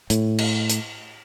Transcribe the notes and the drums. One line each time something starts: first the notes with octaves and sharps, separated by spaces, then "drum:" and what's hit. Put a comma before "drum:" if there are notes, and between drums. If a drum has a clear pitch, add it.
A2, drum: hi-hat
drum: cymbal
drum: hi-hat